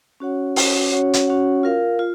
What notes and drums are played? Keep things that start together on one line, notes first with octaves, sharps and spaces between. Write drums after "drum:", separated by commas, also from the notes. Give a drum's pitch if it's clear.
C#4 F#4 C#5 F#5
C#4 F#4 C#5 F#5, drum: open hi-hat
C#4 F#4 C#5 F#5
drum: hi-hat
C#4 F#4 C#5 F#5
F4 A#4 F5
F4